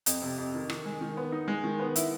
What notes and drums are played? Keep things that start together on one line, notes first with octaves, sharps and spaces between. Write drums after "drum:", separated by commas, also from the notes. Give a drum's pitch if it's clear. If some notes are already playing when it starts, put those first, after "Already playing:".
F2, drum: hi-hat
C3
F2
D#3
D#3, drum: rim click
G#3
D#3
B3
D#4
G#3
D#3
B3
E4, drum: hi-hat